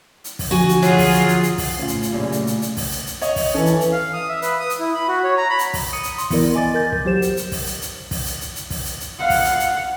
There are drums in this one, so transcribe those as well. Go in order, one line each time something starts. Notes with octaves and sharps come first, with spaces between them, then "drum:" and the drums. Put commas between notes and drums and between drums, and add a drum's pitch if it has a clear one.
drum: hi-hat
drum: kick, open hi-hat
D3 F3 F#4 G#5
drum: hi-hat
F#3 F4 G#4, drum: hi-hat
drum: kick, open hi-hat
drum: hi-hat
drum: hi-hat
drum: hi-hat
drum: kick, open hi-hat
A2 C#3 C#4 F4
drum: hi-hat
drum: hi-hat
F#2 A#2 G3
drum: hi-hat
drum: hi-hat
drum: hi-hat
drum: kick, open hi-hat
drum: hi-hat
drum: hi-hat
C#5 D#5, drum: hi-hat
drum: kick, open hi-hat
E3 C#4 A4
drum: hi-hat
drum: hi-hat
F5
D#6
E5
B4, drum: hi-hat
D#6
drum: hi-hat
E4
B5
F#4
C#5
A#5
B5
drum: hi-hat
drum: kick, open hi-hat
D#6 C#7 D#7
drum: hi-hat
C6, drum: hi-hat
E3 B3 E4 A#4 D5, drum: kick, open hi-hat
D#5 G#5 D6 A6
A#4 G6 A6
drum: kick
F#3 G4 C5 E7
drum: hi-hat
drum: hi-hat
drum: kick, open hi-hat
drum: hi-hat
drum: hi-hat
drum: kick, open hi-hat
drum: hi-hat
drum: hi-hat
drum: hi-hat
drum: kick, open hi-hat
drum: hi-hat
drum: hi-hat
F5 F#5
drum: kick, open hi-hat
drum: hi-hat
drum: hi-hat